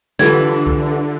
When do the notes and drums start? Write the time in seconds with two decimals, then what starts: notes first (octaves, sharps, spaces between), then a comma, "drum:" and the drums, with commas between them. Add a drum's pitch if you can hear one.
0.19 D3 E3 F4 G4 A4 G#6, drum: snare
0.67 drum: kick C2